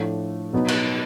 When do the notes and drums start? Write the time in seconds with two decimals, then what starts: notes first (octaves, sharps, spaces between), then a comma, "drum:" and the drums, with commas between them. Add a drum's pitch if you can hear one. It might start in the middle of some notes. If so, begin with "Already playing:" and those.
Already playing: A2 F3 A3 D4
0.53 B2 F#3 B3 D#4
0.68 drum: cymbal